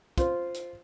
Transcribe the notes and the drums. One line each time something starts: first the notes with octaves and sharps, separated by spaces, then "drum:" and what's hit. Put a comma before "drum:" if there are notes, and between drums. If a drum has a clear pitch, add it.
F4 C5, drum: kick, hi-hat
drum: hi-hat